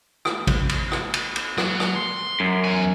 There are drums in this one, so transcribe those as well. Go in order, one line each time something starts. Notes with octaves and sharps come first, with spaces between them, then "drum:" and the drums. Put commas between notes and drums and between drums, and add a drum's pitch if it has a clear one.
drum: rim click
drum: kick A1, cymbal
drum: cymbal
drum: rim click
drum: cymbal
drum: cymbal
F#3, drum: rim click
drum: rim click
C6
F#2
E2 G#5